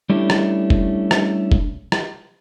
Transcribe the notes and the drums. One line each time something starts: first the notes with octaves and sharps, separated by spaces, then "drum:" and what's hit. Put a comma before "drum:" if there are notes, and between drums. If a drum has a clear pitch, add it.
G3 A3 C#4 D4 E4 G4
drum: rim click
drum: kick F1
drum: rim click
drum: kick F1
drum: rim click